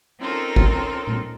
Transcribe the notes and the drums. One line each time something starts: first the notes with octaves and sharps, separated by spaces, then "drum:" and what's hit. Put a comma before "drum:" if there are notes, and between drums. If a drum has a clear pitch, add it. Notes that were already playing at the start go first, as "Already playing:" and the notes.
C4 C#4 D#4 F4 A4 A#4
drum: kick
drum: tom A#2